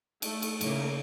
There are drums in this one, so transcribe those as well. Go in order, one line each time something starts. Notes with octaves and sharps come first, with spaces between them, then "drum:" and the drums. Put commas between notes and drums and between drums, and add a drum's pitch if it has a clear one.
A3, drum: cymbal
drum: cymbal
A2 C#3 A3 A#3, drum: cymbal